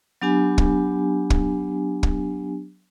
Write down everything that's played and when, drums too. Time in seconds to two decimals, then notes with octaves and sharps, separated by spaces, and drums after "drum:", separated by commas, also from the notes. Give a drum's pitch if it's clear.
0.21 F#3 B3 D4 G4 G#5
0.58 drum: kick
1.30 drum: kick
2.03 drum: kick